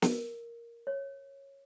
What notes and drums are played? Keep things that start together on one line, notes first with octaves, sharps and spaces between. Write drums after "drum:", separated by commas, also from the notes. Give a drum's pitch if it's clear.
A#4, drum: snare
C#5